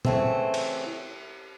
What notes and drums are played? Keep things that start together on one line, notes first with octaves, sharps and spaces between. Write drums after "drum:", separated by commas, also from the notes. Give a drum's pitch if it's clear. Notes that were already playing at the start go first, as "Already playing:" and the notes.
C#3 E3 A3 C4, drum: tom
drum: cymbal